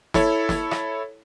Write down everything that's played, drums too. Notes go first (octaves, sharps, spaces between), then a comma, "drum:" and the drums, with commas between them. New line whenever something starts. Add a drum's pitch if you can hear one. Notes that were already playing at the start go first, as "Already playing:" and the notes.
E4 A4 C#5, drum: snare
drum: snare
drum: rim click